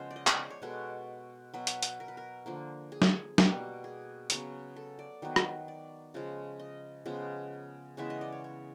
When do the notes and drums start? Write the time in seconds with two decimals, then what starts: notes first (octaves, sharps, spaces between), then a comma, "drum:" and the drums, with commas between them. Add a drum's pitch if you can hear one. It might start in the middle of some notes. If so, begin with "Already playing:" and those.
Already playing: C#3 F3 G#3 B3 C5
0.11 D5
0.16 D#5
0.27 D5, drum: clap
0.39 C5
0.50 C#5
0.62 B2 G#3 B3 A4
1.54 B2 F#3 B3 B4
1.67 drum: hi-hat
1.83 drum: hi-hat
2.00 A#4
2.08 B4
2.17 A#4
2.46 D3 F3 A#3
2.92 G#4
3.02 drum: snare
3.38 B2 G3 A#3, drum: snare
3.84 G#4
4.30 C#3 F#3 B3, drum: hi-hat
4.76 A4
4.99 D5
5.22 D#3 F#3 B3
5.36 drum: rim click
5.68 D5
6.14 C#3 F3 G#3
6.60 D#5
7.06 C#3 F3 G#3 B3
7.97 C#3 E3 G#3 B3 E5
8.10 D#5
8.21 D5
8.32 C#5
8.44 C#5